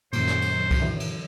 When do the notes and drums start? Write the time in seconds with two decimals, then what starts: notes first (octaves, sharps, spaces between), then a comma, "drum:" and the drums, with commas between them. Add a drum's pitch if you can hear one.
0.13 F#2 A#2 D#3 C5, drum: cymbal
0.27 drum: snare
0.42 drum: cymbal
0.71 drum: kick C2, cymbal
0.80 D3 E3 F#3
1.00 drum: cymbal